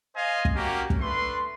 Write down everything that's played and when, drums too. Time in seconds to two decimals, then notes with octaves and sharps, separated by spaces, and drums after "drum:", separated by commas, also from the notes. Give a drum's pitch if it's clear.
0.15 C5 D#5 F5 G#5
0.45 drum: kick
0.54 A#3 C#4 F#4 G4 A#4
0.90 drum: kick
1.00 A3 D4 B4 C6